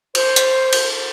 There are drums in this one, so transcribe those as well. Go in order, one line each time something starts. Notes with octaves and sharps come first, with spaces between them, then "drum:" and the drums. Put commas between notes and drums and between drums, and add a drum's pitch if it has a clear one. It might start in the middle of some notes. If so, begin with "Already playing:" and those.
C5, drum: cymbal
drum: hi-hat
drum: cymbal